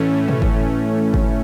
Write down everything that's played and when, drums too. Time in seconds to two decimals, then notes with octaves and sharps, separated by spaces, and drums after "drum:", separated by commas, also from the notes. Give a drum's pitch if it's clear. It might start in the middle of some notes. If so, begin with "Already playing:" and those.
Already playing: A2 E3 A3 C#4
0.28 drum: tom
0.42 drum: kick G1
1.14 drum: kick G1